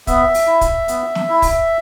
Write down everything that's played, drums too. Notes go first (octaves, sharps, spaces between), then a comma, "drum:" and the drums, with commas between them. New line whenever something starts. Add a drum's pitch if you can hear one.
B3 E5, drum: kick, hi-hat
drum: open hi-hat
E4
drum: kick, hi-hat
B3, drum: hi-hat
drum: snare
E4
drum: kick, open hi-hat